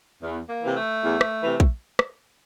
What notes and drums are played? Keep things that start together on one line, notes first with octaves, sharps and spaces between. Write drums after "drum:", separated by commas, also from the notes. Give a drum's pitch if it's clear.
E2
A#3
C3 E3
A3
E2
drum: rim click
C3 E3
drum: kick
drum: rim click